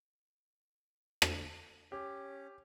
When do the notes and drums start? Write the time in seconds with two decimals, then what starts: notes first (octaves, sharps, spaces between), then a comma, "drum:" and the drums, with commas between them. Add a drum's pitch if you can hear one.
1.22 drum: rim click
1.92 C#4 G4